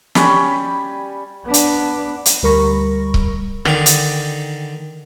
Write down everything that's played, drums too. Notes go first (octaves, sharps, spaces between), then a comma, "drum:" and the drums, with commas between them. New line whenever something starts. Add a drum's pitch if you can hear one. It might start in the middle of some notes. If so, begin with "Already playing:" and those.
G3 C#4 B5, drum: snare
B3 D4
drum: hi-hat
drum: hi-hat
D2 G3 A#4 B5 C#6 A#6
drum: kick C#1
D3 D#3 D#4 G4 D5, drum: rim click
drum: hi-hat